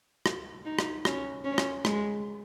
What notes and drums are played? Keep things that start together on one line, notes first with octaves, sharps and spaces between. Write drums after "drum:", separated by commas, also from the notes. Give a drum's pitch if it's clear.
drum: rim click
D#4
drum: rim click
C#4, drum: rim click
C#4
drum: rim click
G#3, drum: rim click